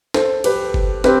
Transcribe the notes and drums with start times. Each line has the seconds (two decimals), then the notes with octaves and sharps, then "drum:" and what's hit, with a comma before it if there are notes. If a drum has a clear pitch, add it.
0.14 A4 C5, drum: snare
0.44 G4 B4, drum: cymbal
0.74 drum: kick F#1
1.04 C4 G4 B4, drum: snare